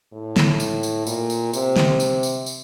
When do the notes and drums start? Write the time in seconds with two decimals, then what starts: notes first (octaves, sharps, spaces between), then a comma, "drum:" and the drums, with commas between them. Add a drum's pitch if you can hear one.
0.13 A2
0.37 drum: snare
0.60 drum: tambourine
0.83 drum: tambourine
1.07 A#2, drum: tambourine
1.30 drum: tambourine
1.53 C3, drum: tambourine
1.76 drum: snare
2.00 drum: tambourine
2.23 drum: tambourine
2.46 drum: tambourine